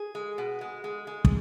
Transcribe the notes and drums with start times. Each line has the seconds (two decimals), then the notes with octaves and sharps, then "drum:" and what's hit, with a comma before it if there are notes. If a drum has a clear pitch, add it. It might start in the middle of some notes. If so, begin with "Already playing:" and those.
Already playing: G#4
0.15 G#3
0.38 B2
0.61 G#3
0.84 G#3
1.07 G#3
1.25 drum: kick